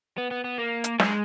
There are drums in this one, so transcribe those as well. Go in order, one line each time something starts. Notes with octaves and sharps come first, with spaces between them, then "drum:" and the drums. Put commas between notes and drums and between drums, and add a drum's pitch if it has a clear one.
B3
B3
B3
A#3
drum: hi-hat
G#3, drum: snare